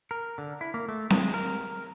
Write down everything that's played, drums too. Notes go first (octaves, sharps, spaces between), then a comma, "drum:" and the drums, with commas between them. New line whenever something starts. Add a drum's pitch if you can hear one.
A#4
D3
E4
A#3
A3
G#3, drum: snare C4
A#4